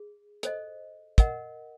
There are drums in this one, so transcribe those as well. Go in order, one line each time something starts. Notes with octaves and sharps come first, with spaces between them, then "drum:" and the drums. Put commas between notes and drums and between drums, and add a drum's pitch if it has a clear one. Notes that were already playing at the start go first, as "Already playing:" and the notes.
Already playing: G#4
A4 C5 D#5, drum: hi-hat
A#4 D#5 F#5, drum: kick, hi-hat